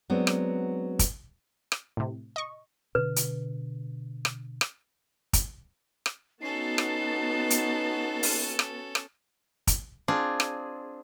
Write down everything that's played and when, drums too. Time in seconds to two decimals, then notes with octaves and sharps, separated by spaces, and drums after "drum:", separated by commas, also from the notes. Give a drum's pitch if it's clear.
0.10 F#3 G#3 B3 C4 D4
0.27 drum: rim click
0.99 drum: kick, hi-hat
1.72 drum: rim click
1.97 A2 C3
2.36 D#5 C#6
2.95 B2 D3 B4
3.16 drum: hi-hat
4.25 drum: rim click
4.61 drum: rim click
5.33 drum: kick, hi-hat
6.06 drum: rim click
6.42 B3 C#4 D#4 F#4 A4 A5 C7
6.78 drum: rim click
7.50 drum: hi-hat
8.23 drum: open hi-hat
8.59 drum: rim click
8.95 drum: rim click
9.67 drum: kick, hi-hat
10.08 C4 D4 F4 G#4
10.40 drum: rim click